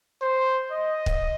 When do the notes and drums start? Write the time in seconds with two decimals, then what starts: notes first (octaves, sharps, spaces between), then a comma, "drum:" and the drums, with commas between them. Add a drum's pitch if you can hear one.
0.22 C5
0.71 D#5
1.06 drum: kick